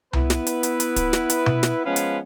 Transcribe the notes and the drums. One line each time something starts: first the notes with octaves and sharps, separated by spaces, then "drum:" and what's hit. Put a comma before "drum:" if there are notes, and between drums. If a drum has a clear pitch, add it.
B3 E4 B4, drum: tom C2
drum: snare
drum: hi-hat
drum: hi-hat
drum: hi-hat
drum: kick, hi-hat
drum: snare
drum: hi-hat
drum: tom B2
drum: snare
F3 G#3 B3 C#4 B4 F5
drum: hi-hat